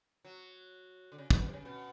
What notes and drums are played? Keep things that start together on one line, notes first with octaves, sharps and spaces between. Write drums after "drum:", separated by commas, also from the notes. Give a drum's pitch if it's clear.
F#3
D3
C#3
B2, drum: kick
B2
C3
C#3
B2